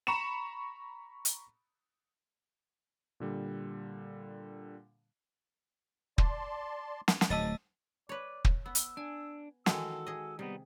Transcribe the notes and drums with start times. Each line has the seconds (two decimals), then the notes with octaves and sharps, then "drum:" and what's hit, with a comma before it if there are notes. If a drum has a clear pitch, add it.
0.07 A#5 B5 C#6 C#7 E7
1.25 drum: hi-hat
3.20 A#2 D3 G3
6.18 D5 A5 C6, drum: kick
7.08 drum: snare
7.21 drum: snare
7.30 D1 G#2 F#3 A3 D#5 A6
8.09 B4 C#5 D5
8.45 drum: kick
8.66 B3 E6
8.75 drum: hi-hat
8.97 D4 G#5
9.66 D#3 E3 G#3 F#4 A4 E6, drum: snare
10.07 G#4 D#5
10.39 C3 G3 B3 D#4